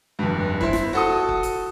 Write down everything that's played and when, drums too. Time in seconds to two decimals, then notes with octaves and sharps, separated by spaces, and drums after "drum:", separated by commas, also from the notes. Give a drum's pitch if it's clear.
0.19 F1 G2
0.61 E4 C5, drum: kick
0.73 drum: snare
0.93 F#4 A4 D#6
1.29 drum: kick
1.43 drum: hi-hat